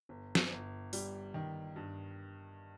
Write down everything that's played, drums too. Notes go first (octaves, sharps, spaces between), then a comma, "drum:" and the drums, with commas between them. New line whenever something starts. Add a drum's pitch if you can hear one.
G1
drum: snare
G1
G3, drum: open hi-hat
D#3
G2